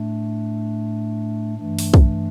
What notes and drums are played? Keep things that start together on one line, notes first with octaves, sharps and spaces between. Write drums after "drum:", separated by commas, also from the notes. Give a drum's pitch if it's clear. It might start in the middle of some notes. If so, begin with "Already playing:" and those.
Already playing: A2 A3 D4
G2 E3 A3 D4
drum: open hi-hat
drum: kick